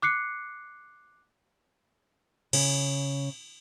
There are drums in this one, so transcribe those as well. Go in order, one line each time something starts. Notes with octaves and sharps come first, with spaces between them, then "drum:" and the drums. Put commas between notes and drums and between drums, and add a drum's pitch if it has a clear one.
D6 F#6 C7 C#7
C#3, drum: cymbal